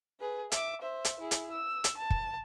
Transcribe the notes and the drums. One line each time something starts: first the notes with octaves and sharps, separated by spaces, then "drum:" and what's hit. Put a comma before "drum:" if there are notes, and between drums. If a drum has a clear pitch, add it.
G#4 B4
E5 D6, drum: hi-hat
C5 E5
drum: hi-hat
E4 G#4
drum: hi-hat
E6
drum: hi-hat
A5
drum: kick